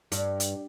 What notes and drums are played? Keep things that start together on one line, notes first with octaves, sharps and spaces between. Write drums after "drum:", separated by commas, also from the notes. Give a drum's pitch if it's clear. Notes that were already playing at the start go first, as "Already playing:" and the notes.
G2, drum: hi-hat
drum: hi-hat